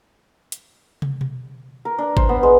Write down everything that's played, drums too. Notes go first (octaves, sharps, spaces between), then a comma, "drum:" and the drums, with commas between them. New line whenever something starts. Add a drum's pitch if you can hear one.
drum: hi-hat
drum: tom
drum: tom B2
A#4
D4
C5, drum: kick G#1
B3
G#3